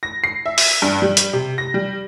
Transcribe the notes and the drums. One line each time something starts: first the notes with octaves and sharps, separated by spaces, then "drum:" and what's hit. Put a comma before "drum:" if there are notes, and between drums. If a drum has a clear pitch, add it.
A#6
C7
E5
drum: open hi-hat
G2
G3
drum: hi-hat
C3
A#6
G3